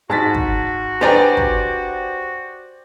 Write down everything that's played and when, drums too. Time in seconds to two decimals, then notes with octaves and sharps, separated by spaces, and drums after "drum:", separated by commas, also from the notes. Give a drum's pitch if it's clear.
0.10 G#2 G#3 F#4 A5 A6 B6
0.34 drum: kick
1.01 D4 G4 G#4 B4 C5 D5 G5 A#5
1.37 drum: kick